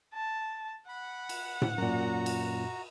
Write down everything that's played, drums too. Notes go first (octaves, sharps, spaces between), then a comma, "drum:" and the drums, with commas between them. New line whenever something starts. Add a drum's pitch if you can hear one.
A5
F#5 B5
drum: cymbal
drum: tom A2
F#2 A#2 F#4 A#5
drum: cymbal